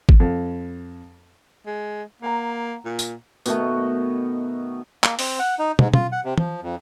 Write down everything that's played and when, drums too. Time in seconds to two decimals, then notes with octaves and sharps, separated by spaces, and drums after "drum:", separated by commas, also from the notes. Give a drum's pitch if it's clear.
0.09 drum: kick
0.20 F2
1.66 G#3
2.22 A#3 F#5 A#5
2.85 A#2
2.99 drum: tambourine
3.46 B2 D#3 A3, drum: tambourine
5.04 A#3, drum: clap
5.19 C4, drum: open hi-hat
5.39 F#5
5.59 D#4
5.79 G#2, drum: tom
5.94 F4, drum: tom
6.12 F#5
6.25 C3
6.38 F3, drum: tom
6.62 F2